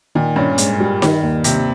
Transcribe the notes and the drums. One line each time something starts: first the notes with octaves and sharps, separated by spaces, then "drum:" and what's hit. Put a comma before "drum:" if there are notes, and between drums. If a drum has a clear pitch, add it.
A#2 D#3
G2 C#4
G#2, drum: hi-hat
G3
D#3, drum: snare D#4
D#2
D#2 C3, drum: hi-hat